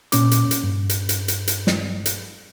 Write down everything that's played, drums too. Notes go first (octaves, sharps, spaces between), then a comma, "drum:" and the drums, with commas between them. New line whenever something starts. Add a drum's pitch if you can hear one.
A#2 C#4 D6, drum: hi-hat
drum: hi-hat
drum: hi-hat
G2
drum: hi-hat
drum: hi-hat
drum: hi-hat
drum: hi-hat
drum: snare
drum: hi-hat